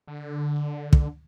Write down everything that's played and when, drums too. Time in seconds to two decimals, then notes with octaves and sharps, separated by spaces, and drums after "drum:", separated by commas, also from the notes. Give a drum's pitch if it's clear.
0.07 D3
0.93 drum: kick